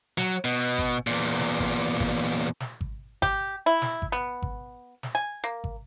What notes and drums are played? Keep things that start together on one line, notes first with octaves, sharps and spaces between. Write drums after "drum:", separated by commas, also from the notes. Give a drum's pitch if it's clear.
F#3, drum: snare
B2
drum: kick G#1
E2 A#2
drum: snare
drum: kick G#1
drum: kick G#1
drum: snare
drum: kick G#1
G4, drum: kick G#1
E4
drum: snare
drum: kick G#1
B3
drum: kick G#1
drum: snare
G#5
A#3
drum: kick G#1